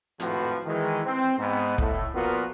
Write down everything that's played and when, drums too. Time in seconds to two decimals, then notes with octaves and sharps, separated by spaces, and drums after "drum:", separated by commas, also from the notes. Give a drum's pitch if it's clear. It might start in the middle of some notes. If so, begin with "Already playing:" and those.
0.20 G#1 F2 A2 F3 F#4 B4, drum: hi-hat
0.66 D#3 E3 G#3
1.05 C4
1.38 G#2 B3
1.78 A2 A3, drum: kick
2.14 A#2 F3 B3 F4 F#4 A#4